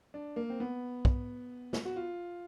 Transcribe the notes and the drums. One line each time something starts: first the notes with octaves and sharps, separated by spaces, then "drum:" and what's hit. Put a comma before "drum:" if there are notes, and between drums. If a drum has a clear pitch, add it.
D4
A#3
C4
B3
drum: kick
drum: snare
F#4
F4